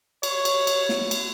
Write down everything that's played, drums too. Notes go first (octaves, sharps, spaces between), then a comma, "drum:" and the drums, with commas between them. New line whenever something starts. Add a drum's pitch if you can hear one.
C#5, drum: cymbal
drum: cymbal
drum: cymbal
drum: snare
drum: cymbal